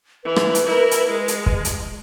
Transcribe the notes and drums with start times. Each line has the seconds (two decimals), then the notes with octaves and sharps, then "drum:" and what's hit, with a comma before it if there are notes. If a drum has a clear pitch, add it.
0.25 E3 B4
0.36 drum: rim click
0.55 drum: hi-hat
0.66 E4 A#4
0.91 drum: hi-hat
1.10 G#3
1.28 drum: hi-hat
1.46 drum: kick
1.65 drum: hi-hat